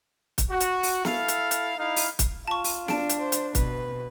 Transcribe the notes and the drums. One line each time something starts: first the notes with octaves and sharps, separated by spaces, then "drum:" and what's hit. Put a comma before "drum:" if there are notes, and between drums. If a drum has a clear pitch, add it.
drum: kick, hi-hat
F#4
drum: hi-hat
drum: open hi-hat
E4 A4 F5, drum: snare
drum: hi-hat
drum: hi-hat
D#4 E4 F5
drum: open hi-hat
drum: kick, hi-hat
F4 A5 C#6
drum: open hi-hat
D4 A5 D7, drum: snare
drum: hi-hat
C5
drum: hi-hat
B2 B4, drum: kick, hi-hat